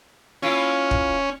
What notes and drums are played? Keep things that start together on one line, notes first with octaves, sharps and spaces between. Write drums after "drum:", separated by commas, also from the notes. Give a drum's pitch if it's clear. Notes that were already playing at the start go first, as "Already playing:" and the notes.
A#3 C#4 E4 F4
drum: kick